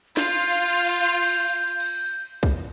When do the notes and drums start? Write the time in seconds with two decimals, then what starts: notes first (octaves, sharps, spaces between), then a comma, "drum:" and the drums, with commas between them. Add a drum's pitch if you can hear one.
0.17 F4 G6, drum: snare
1.23 drum: cymbal
1.80 drum: cymbal
2.43 drum: kick B1